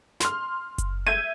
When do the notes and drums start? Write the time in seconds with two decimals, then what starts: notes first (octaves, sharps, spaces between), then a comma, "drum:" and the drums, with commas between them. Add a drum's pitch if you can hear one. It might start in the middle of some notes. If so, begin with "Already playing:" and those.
0.20 C6 F6, drum: snare
0.78 drum: kick F#1, hi-hat
1.07 E5 G6 G#6 D#7